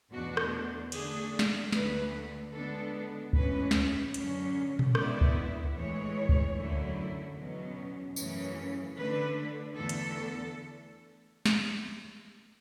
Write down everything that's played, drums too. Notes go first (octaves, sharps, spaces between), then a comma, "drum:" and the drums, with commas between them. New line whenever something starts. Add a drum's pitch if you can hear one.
E2 B2 A3 D4 F#4
drum: rim click
D3 A3 D4 G#4, drum: cymbal
drum: snare
D2 D3 A3 B4, drum: snare
D3 G#3 B3 D4 A4
A2 E3 G#3 C#4 B4, drum: kick C#2
drum: snare
F#2 D3 F#3 C#4, drum: hi-hat
drum: tom A#2
D3 G#3 B3 E4 D5, drum: rim click
drum: kick C#2
A2 E3 G#3 C#5
drum: kick C#2
F#2 D3 F#3 A3 E4
E2 B2 F#3 C#4
F#2 C#3 E3 A3 C#4, drum: tambourine
D3 A3 D4 B4
E2 D3 A3 A4
drum: hi-hat
drum: snare